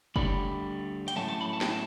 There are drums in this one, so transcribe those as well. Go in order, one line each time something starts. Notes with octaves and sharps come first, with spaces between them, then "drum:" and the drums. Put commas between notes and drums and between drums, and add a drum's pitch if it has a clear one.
D2 D3 G3 B5, drum: kick F#1
G5, drum: hi-hat
A2 F#3 A3 C#4 A5
A5
B5
A5
G5, drum: snare
A5